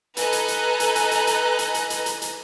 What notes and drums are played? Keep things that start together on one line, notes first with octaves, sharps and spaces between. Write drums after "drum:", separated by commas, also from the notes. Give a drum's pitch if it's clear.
A4 B4 D#5 G#5 A#5 F#6, drum: hi-hat
drum: hi-hat
drum: hi-hat
drum: hi-hat
drum: hi-hat
drum: hi-hat
drum: hi-hat
drum: hi-hat
drum: hi-hat
drum: hi-hat
drum: hi-hat
drum: hi-hat